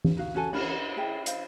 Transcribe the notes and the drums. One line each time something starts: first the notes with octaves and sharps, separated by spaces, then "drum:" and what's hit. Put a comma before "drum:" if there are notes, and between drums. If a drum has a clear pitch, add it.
drum: tom E3
D#4 F#4 F5
C#4 F#4 A4 G#5
G4 A#4 F#5 B5, drum: cymbal
E4 G#4 E5 G5
C5 F5, drum: hi-hat